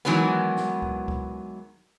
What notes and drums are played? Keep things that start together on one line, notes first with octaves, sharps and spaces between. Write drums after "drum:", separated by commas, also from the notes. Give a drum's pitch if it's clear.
D#3 E3 F#3 G#3 B3
drum: snare
drum: kick C#2
drum: kick C#2